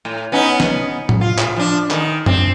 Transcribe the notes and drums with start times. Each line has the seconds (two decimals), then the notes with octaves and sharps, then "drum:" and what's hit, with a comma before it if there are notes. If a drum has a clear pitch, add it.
0.05 A2
0.32 B3 C#4 D#4
0.60 drum: snare
1.09 drum: tom A2
1.21 F4
1.38 drum: clap
1.56 F3 D4
1.91 D#3, drum: clap
2.26 C4 D4, drum: tom F#2